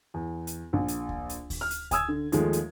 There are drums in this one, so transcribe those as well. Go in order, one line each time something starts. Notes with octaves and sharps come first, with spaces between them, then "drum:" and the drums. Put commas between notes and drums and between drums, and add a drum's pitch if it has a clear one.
E2
drum: hi-hat
A#1
drum: hi-hat
drum: kick D2
drum: hi-hat
drum: kick D2, open hi-hat
F6
drum: hi-hat
G#5 D#6 E6 G#6, drum: kick D2, hi-hat
D3
D#2 F3 G#3 A3, drum: hi-hat
drum: hi-hat